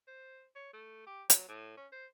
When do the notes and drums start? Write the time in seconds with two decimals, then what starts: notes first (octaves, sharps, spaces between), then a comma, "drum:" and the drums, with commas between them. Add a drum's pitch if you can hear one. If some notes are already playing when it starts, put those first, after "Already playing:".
0.07 C5
0.55 C#5
0.73 A3
1.06 G4
1.30 F#3, drum: hi-hat
1.48 A2
1.77 C#4
1.92 C5